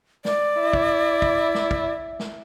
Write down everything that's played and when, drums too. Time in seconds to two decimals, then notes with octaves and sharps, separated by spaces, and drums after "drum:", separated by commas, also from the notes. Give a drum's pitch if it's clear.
0.25 D5, drum: snare
0.61 E4
0.73 drum: kick
1.22 drum: kick
1.55 drum: snare
1.71 drum: kick
2.19 drum: snare